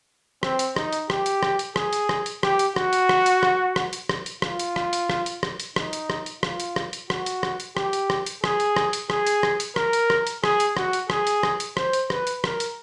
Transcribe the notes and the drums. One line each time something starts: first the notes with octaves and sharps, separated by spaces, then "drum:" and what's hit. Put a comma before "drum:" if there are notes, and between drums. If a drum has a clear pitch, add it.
C4, drum: rim click
drum: hi-hat
D#4, drum: rim click
drum: hi-hat
G4, drum: rim click
drum: hi-hat
drum: rim click
drum: hi-hat
G#4, drum: rim click
drum: hi-hat
drum: rim click
drum: hi-hat
G4, drum: rim click
drum: hi-hat
F#4, drum: rim click
drum: hi-hat
drum: rim click
drum: hi-hat
drum: rim click
drum: rim click
drum: hi-hat
drum: rim click
drum: hi-hat
F4, drum: rim click
drum: hi-hat
drum: rim click
drum: hi-hat
drum: rim click
drum: hi-hat
drum: rim click
drum: hi-hat
D#4, drum: rim click
drum: hi-hat
drum: rim click
drum: hi-hat
F4, drum: rim click
drum: hi-hat
drum: rim click
drum: hi-hat
F#4, drum: rim click
drum: hi-hat
drum: rim click
drum: hi-hat
G4, drum: rim click
drum: hi-hat
drum: rim click
drum: hi-hat
G#4, drum: rim click
drum: hi-hat
drum: rim click
drum: hi-hat
G#4, drum: rim click
drum: hi-hat
drum: rim click
drum: hi-hat
A#4, drum: rim click
drum: hi-hat
drum: rim click
drum: hi-hat
G#4, drum: rim click
drum: hi-hat
F#4, drum: rim click
drum: hi-hat
G#4, drum: rim click
drum: hi-hat
drum: rim click
drum: hi-hat
C5, drum: rim click
drum: hi-hat
B4, drum: rim click
drum: hi-hat
A#4, drum: rim click
drum: hi-hat